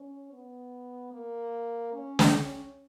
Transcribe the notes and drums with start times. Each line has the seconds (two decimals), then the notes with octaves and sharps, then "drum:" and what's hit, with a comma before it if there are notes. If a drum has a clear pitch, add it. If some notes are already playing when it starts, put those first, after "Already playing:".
Already playing: C#4
0.32 B3
1.12 A#3
1.93 C#4
2.19 drum: snare